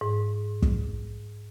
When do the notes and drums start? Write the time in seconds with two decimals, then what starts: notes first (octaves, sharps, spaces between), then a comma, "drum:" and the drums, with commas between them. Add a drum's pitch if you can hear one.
0.01 G#2
0.62 drum: kick